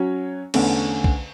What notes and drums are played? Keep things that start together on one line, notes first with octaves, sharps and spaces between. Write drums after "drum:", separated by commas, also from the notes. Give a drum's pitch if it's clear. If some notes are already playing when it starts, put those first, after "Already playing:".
Already playing: F#3 C#4 F#4 C#5
E2 D3 A3 C#4, drum: cymbal
drum: kick